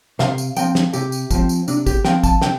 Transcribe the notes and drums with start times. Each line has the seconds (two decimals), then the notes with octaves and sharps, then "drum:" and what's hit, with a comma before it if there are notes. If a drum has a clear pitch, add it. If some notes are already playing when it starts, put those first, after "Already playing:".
0.19 C3 F5, drum: snare
0.38 drum: tambourine
0.56 F3 C4 G5, drum: tambourine
0.75 drum: snare
0.93 C3 G4, drum: tambourine
1.12 drum: tambourine
1.31 F3 C4, drum: kick, tambourine
1.49 drum: tambourine
1.68 C3 D4, drum: tambourine
1.86 G4, drum: kick, tambourine
2.05 F3 C4 G5, drum: snare
2.23 A5, drum: kick, tambourine
2.42 C3 G5, drum: snare